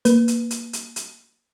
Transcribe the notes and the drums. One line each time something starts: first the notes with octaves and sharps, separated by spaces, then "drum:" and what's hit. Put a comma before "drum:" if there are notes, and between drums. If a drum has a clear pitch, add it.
A#3 B4, drum: hi-hat
drum: hi-hat
drum: hi-hat
drum: hi-hat
drum: hi-hat